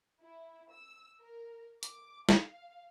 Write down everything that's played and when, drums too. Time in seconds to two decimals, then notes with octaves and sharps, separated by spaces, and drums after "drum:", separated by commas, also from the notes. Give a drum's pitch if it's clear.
0.21 E4
0.71 E6
1.20 A#4
1.83 D6, drum: hi-hat
2.29 F5, drum: snare